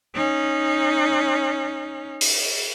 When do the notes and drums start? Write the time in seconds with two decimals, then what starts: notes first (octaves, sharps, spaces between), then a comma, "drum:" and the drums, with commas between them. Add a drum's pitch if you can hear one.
0.15 C#4 D#4
2.21 drum: open hi-hat